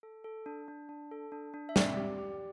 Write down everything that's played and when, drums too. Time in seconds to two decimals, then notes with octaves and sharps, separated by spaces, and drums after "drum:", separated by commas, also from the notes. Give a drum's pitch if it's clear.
0.03 A4
0.24 A4
0.46 D4
0.68 D4
0.89 D4
1.11 A4
1.32 D4
1.54 D4
1.69 E5
1.76 C4 D5, drum: snare
1.97 G4
2.18 G4